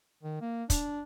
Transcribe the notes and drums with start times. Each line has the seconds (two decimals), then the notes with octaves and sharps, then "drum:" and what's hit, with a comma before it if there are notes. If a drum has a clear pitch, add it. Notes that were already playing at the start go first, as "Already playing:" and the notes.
0.23 D#3
0.41 A#3
0.70 D4, drum: kick, hi-hat